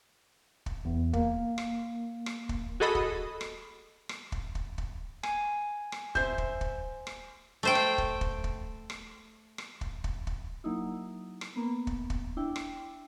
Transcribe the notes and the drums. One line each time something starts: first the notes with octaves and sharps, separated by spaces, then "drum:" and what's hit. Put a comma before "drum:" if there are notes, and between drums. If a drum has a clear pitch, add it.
drum: kick
E2
A#3, drum: kick
drum: rim click
drum: rim click
drum: kick
F#4 G#4 A4 D#5 B5 D#6
drum: kick
drum: rim click
drum: rim click
drum: kick
drum: kick
drum: kick
G#5, drum: rim click
drum: rim click
C5 E5 G6, drum: kick
drum: kick
drum: kick
drum: rim click
A3 C5 G5
drum: rim click
drum: kick
drum: kick
drum: kick
drum: rim click
drum: rim click
drum: kick
drum: kick
drum: kick
F#3 A#3 D#4 E4
drum: rim click
A#3 B3
drum: kick
drum: kick
D4 E4 G5
drum: rim click